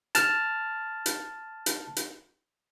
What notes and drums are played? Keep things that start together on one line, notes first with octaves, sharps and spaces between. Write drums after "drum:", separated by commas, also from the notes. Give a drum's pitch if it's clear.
A5 F6, drum: hi-hat
drum: hi-hat
drum: hi-hat
drum: hi-hat